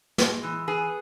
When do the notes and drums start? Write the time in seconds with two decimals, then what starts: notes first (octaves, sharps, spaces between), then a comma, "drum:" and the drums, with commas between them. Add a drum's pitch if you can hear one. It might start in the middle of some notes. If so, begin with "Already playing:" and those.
0.18 G#3, drum: snare
0.43 E3
0.68 B3 G#4